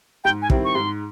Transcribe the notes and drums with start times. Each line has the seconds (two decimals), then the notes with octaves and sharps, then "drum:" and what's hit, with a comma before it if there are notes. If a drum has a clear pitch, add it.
0.24 G#2 G5
0.42 G#5
0.50 D#3 G3 C4 E4, drum: kick
0.65 C#6
0.75 G#2 C6